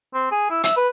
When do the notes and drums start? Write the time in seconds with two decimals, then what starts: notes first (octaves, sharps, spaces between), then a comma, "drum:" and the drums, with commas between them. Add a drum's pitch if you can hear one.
0.14 C4
0.31 G#4
0.50 E4
0.63 E5, drum: hi-hat
0.77 B4